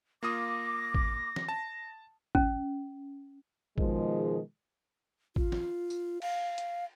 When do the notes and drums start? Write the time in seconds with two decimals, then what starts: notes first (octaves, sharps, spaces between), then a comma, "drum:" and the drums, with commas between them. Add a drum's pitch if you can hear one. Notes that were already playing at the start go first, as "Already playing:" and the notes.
0.23 A#3 F4 D6 D#6 A#6
0.94 drum: kick A1
1.36 drum: snare
1.49 A5
2.35 C#4, drum: kick A1
3.78 B2 D#3 F3 G#3, drum: kick A1
5.36 F4, drum: kick A1
5.52 drum: snare
5.90 drum: tambourine
6.22 F5, drum: cymbal
6.58 drum: hi-hat